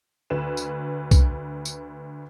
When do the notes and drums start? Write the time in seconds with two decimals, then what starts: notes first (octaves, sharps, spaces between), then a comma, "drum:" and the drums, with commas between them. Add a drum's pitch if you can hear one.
0.30 D2 B4 E7
0.57 drum: tambourine
1.11 drum: kick, tambourine
1.65 drum: tambourine